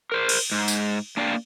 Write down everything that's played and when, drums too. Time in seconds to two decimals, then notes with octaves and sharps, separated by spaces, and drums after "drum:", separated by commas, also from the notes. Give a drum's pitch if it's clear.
0.12 A#4 C5
0.29 drum: cymbal
0.52 G#2
0.68 drum: tambourine
1.17 A#3 D4 D5 F5 G5